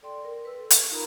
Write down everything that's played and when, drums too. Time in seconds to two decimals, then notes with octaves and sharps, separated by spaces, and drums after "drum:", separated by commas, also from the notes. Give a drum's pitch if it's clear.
0.02 A4 D5 G5 C6
0.24 A#4
0.45 B4 E6
0.59 A4
0.70 C#6, drum: hi-hat
0.90 D#4 F4 A#4 A#5 B5